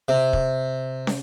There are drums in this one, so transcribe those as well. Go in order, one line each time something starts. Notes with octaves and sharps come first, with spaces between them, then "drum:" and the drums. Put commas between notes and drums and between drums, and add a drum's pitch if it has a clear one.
C3
drum: kick
drum: snare